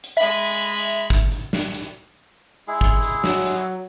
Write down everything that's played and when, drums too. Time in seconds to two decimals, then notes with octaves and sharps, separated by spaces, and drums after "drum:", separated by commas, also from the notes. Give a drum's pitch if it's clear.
0.04 drum: hi-hat
0.17 G#3 E5 B5
0.46 drum: hi-hat
0.89 drum: hi-hat
1.10 drum: kick
1.32 drum: hi-hat
1.53 drum: snare
1.74 drum: hi-hat
2.68 G#3 E4 G#4
2.81 drum: kick
3.02 drum: hi-hat
3.24 F#3, drum: snare
3.45 drum: hi-hat